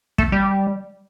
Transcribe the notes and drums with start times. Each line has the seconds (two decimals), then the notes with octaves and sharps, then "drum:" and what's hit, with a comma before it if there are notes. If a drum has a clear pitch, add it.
0.18 A3, drum: kick
0.32 G3